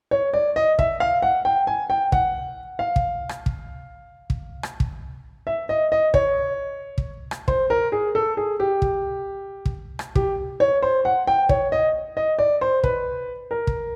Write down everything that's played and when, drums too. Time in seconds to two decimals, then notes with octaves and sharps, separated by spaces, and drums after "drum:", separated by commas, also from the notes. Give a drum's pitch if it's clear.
0.11 C#5
0.34 D5
0.56 D#5
0.79 E5, drum: kick
1.00 F5
1.22 F#5
1.45 G5
1.67 G#5
1.90 G5
2.12 F#5, drum: kick
2.79 F5
2.96 drum: kick
3.29 drum: rim click
3.46 drum: kick
4.30 drum: kick
4.63 drum: rim click
4.80 drum: kick
5.47 E5
5.69 D#5
5.92 D#5
6.14 C#5, drum: kick
6.98 drum: kick
7.31 drum: rim click
7.48 C5, drum: kick
7.70 A#4
7.92 G#4
8.15 A4
8.37 G#4
8.60 G4
8.82 drum: kick
9.66 drum: kick
9.99 drum: rim click
10.15 G4, drum: kick
10.60 C#5
10.82 C5
11.05 F#5
11.27 G5
11.49 C#5, drum: kick
11.72 D#5
12.17 D#5
12.39 D5
12.61 C5
12.84 B4, drum: kick
13.51 A#4
13.67 drum: kick